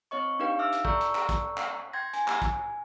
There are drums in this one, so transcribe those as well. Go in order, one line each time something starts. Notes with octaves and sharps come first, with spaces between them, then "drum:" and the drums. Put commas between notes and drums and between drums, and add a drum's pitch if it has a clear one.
C4 C#5 D#5 C#6
D4 D#4 G4 B4 F5 G5
E5 D6 E6 F6
drum: hi-hat
A4 D5 A#5 C#6 E6 G6, drum: kick
drum: hi-hat
drum: clap
drum: kick, hi-hat
drum: clap
G5 C6 G6 G#6 A#6
G#5, drum: hi-hat
drum: clap
drum: kick, hi-hat